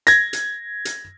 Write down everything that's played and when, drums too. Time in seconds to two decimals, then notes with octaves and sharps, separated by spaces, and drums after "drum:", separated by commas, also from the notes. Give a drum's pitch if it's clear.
0.07 G#6 A#6, drum: hi-hat
0.33 drum: hi-hat
0.85 drum: hi-hat